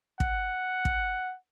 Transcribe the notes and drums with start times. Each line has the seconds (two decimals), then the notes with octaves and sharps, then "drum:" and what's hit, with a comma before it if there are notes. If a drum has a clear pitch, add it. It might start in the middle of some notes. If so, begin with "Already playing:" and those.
0.20 F#5, drum: kick
0.85 drum: kick